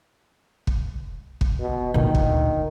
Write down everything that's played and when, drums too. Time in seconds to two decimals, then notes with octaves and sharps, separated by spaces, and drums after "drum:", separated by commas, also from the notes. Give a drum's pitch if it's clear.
0.67 drum: kick
1.41 drum: kick
1.59 B2
1.94 D2 A#2 D#3
2.15 drum: kick